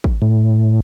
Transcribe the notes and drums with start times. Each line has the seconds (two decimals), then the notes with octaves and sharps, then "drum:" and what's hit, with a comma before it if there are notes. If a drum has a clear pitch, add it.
0.04 drum: kick
0.22 A2